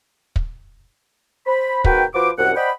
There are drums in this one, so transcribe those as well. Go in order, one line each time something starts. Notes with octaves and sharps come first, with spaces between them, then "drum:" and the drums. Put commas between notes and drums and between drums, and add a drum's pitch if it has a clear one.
drum: kick
C5 B5
G#2 B2 F#4 A#4 B4 G5, drum: kick
F3 F#4 B4 C5 D6
C2 F#2 F#5
C5 D5 D#5 F#5 G5 B5